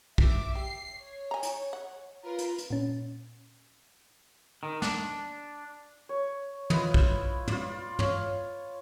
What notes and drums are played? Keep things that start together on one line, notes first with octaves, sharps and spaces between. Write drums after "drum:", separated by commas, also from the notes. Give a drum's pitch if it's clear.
E5 D6, drum: kick
G4 C7
C#5
G#5 A#5
drum: hi-hat
F#5
F4 A#4 B4
drum: hi-hat
drum: hi-hat
A#2 C#4
D#3
D4, drum: snare
C#5
E4 F4 B4 D#5, drum: tom
drum: kick
F4 D5, drum: tom
C#5 F5, drum: tom